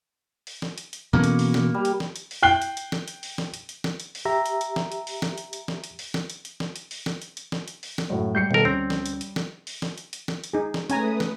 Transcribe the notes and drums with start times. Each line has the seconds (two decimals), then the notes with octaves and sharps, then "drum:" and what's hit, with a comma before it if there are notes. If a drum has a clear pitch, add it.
0.47 drum: open hi-hat
0.62 drum: snare
0.78 drum: hi-hat
0.93 drum: hi-hat
1.13 B2 E3 A#3 C#4
1.24 drum: hi-hat
1.39 drum: open hi-hat
1.54 drum: snare
1.74 G3
1.85 drum: hi-hat
2.00 drum: snare
2.16 drum: hi-hat
2.31 drum: open hi-hat
2.43 G5 F#6 C7 G7
2.62 drum: hi-hat
2.77 drum: hi-hat
2.92 drum: snare
3.08 drum: hi-hat
3.23 drum: open hi-hat
3.38 drum: snare
3.54 drum: hi-hat
3.69 drum: hi-hat
3.84 drum: snare
4.00 drum: hi-hat
4.15 drum: open hi-hat
4.25 G4 E5 A#5
4.46 drum: hi-hat
4.61 drum: hi-hat
4.76 drum: snare
4.92 drum: hi-hat
5.07 drum: open hi-hat
5.22 drum: snare
5.38 drum: hi-hat
5.53 drum: hi-hat
5.68 drum: snare
5.84 drum: hi-hat
5.99 drum: open hi-hat
6.14 drum: snare
6.30 drum: hi-hat
6.45 drum: hi-hat
6.60 drum: snare
6.76 drum: hi-hat
6.91 drum: open hi-hat
7.06 drum: snare
7.22 drum: hi-hat
7.37 drum: hi-hat
7.52 drum: snare
7.68 drum: hi-hat
7.83 drum: open hi-hat
7.98 drum: snare
8.10 F#2 A2
8.35 G3 G6 C7 C#7
8.51 C#2 B2 D#3 A4 A#4
8.65 D2 C4 C#4
8.90 drum: snare
9.06 drum: hi-hat
9.21 drum: hi-hat
9.36 drum: snare
9.67 drum: open hi-hat
9.82 drum: snare
9.98 drum: hi-hat
10.13 drum: hi-hat
10.28 drum: snare
10.44 drum: hi-hat
10.54 D#4 G#4
10.74 drum: snare
10.90 A3 C#4 B4 G#5 A#5 D#6, drum: hi-hat
11.20 drum: snare